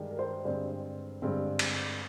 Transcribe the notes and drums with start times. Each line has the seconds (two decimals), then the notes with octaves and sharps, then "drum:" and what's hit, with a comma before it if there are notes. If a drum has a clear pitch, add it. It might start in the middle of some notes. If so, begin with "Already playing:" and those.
Already playing: G2 D#3 G#3 D4
0.11 A#4
0.19 C5
0.45 G2 D3 G#3 C4 C5
1.22 G2 D3 G#3 C4
1.59 drum: cymbal